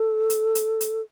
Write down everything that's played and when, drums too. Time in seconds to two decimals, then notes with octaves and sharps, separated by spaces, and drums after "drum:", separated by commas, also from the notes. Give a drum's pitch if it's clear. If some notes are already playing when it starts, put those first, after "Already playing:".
Already playing: A4
0.30 drum: hi-hat
0.55 drum: hi-hat
0.81 drum: hi-hat